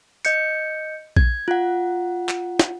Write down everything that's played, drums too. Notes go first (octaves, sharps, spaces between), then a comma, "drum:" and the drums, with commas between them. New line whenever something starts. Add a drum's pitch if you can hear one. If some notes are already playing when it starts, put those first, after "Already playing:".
D#5 G6 C#7, drum: tambourine
G#6, drum: kick A#1
F4 F#5
drum: clap
drum: snare